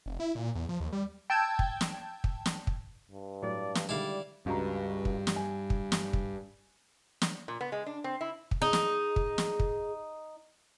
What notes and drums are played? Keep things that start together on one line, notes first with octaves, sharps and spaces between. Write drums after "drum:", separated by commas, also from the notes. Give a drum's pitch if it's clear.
F1
E4
A#2
E2
F3
D#2
G3
G5 A5 E6 G6 G#6
drum: kick
drum: snare
drum: kick
drum: snare
drum: kick
G2
A2 F#3 D5
drum: snare
D3 D#3 G3 G#3 E4 D5 F5
C#2 G2 F#4 A#5
drum: kick
drum: snare
G#5
drum: kick
drum: snare
drum: kick
drum: snare
A#2
B3
G#3
D4
C4
E4
drum: kick
D#4 G#4
drum: snare
drum: kick
drum: snare
drum: kick